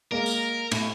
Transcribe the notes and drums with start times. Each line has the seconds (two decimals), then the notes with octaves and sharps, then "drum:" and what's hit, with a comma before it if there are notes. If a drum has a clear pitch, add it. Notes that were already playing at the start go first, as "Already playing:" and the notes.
0.12 G#3 A#3 A#4
0.26 drum: tambourine
0.71 A2, drum: cymbal